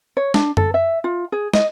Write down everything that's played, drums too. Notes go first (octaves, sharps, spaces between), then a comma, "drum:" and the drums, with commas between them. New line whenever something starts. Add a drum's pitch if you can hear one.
C#5
D4, drum: snare
A4, drum: tom F#2
E5
F4
G#4
D#5, drum: snare